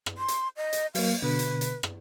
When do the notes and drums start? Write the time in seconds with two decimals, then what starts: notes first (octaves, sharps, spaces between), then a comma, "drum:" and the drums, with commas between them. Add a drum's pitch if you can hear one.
0.06 drum: rim click
0.18 C6
0.28 drum: hi-hat
0.57 D#5
0.73 drum: hi-hat
0.95 F#3 A#3 F5, drum: open hi-hat
1.22 B2 D3 B4
1.39 drum: hi-hat
1.61 drum: hi-hat
1.83 drum: rim click